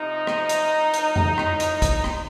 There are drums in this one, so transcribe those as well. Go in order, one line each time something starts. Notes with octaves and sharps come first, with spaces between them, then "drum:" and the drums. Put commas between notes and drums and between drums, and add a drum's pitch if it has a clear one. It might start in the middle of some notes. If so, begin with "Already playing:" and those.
Already playing: C3 F3 D#4
drum: rim click
drum: hi-hat
A2 F3
drum: hi-hat
drum: tom F2
drum: rim click
drum: hi-hat
drum: kick, hi-hat
drum: rim click